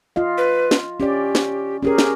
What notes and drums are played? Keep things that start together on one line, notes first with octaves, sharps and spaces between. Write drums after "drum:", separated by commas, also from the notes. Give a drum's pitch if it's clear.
F4 D#5 F5
B4
drum: snare
C#4 G4 D5
drum: snare
C#4 G4 G#4 A#4
drum: snare